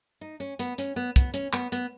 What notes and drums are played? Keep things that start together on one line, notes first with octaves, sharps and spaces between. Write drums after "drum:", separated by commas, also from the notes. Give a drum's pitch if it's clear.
D#4
C#4
B3, drum: hi-hat
C#4, drum: hi-hat
B3
B3, drum: kick, hi-hat
C#4, drum: hi-hat
B3, drum: clap
B3, drum: hi-hat